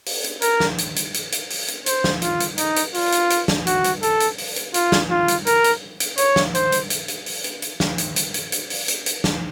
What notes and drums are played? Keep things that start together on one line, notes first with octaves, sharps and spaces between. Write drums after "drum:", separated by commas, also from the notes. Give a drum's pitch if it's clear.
drum: open hi-hat
drum: hi-hat
A#4, drum: hi-hat
drum: snare
drum: hi-hat
drum: hi-hat
drum: hi-hat
drum: hi-hat
drum: open hi-hat
drum: hi-hat
C5, drum: hi-hat
drum: snare
F4, drum: hi-hat
drum: hi-hat
D#4, drum: hi-hat
drum: hi-hat
F4, drum: open hi-hat
drum: hi-hat
drum: hi-hat
drum: snare
F#4, drum: hi-hat
drum: hi-hat
A4, drum: hi-hat
drum: hi-hat
drum: open hi-hat
drum: hi-hat
F4, drum: hi-hat
drum: snare
F4
drum: hi-hat
A#4, drum: hi-hat
drum: hi-hat
drum: hi-hat
C#5, drum: hi-hat
drum: snare
C5, drum: hi-hat
drum: hi-hat
drum: hi-hat
drum: hi-hat
drum: open hi-hat
drum: hi-hat
drum: hi-hat
drum: snare
drum: hi-hat
drum: hi-hat
drum: hi-hat
drum: hi-hat
drum: open hi-hat
drum: hi-hat
drum: hi-hat
drum: snare